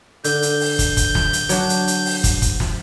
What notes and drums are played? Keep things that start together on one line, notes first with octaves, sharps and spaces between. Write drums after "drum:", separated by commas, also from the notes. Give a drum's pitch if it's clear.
D3 G6, drum: hi-hat
drum: hi-hat
drum: open hi-hat
drum: kick, hi-hat
drum: kick, hi-hat
drum: snare
drum: hi-hat
F#3 D4 F#4, drum: hi-hat
drum: hi-hat
drum: hi-hat
drum: open hi-hat
drum: kick, hi-hat
drum: kick, hi-hat
drum: snare